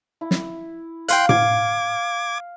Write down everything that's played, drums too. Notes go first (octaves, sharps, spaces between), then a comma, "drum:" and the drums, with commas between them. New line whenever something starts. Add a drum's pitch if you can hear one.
E4
drum: snare
F5 G5 C6 F#6, drum: hi-hat
D6 G#6, drum: tom A2